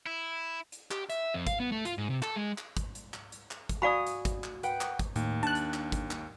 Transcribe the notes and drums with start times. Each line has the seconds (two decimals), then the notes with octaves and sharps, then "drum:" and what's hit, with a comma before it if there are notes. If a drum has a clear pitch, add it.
0.06 E4
0.72 drum: hi-hat
0.91 G4, drum: clap
1.10 E5, drum: hi-hat
1.34 F2
1.47 F5, drum: kick, hi-hat
1.60 B3
1.72 A3
1.85 F4, drum: hi-hat
1.98 G#2
2.10 C3
2.23 A4, drum: clap
2.36 G#3
2.58 drum: clap
2.77 drum: kick, hi-hat
2.95 drum: hi-hat
3.14 drum: clap
3.32 drum: hi-hat
3.51 drum: clap
3.69 drum: kick, hi-hat
3.82 F#4 D5 F5 G#5 B5 D#6
4.07 drum: hi-hat
4.25 drum: kick, hi-hat
4.44 drum: clap
4.63 B4 F#5 G5, drum: hi-hat
4.81 drum: clap
4.99 drum: kick, hi-hat
5.16 D#2 A2, drum: hi-hat
5.43 D4 A5 F#6
5.55 drum: hi-hat
5.74 drum: clap
5.92 drum: kick, hi-hat
6.11 drum: clap